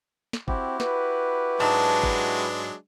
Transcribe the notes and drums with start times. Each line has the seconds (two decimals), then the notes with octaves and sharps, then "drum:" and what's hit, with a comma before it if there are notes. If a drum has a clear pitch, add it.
0.33 drum: snare
0.48 C4 E4 F#4 G4, drum: kick
0.80 B4, drum: snare
1.60 G#2 F#3 G#3 D4 A5
2.03 drum: kick